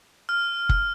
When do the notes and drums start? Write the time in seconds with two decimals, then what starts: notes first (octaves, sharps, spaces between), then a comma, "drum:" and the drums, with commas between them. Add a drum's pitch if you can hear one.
0.29 F6
0.69 drum: kick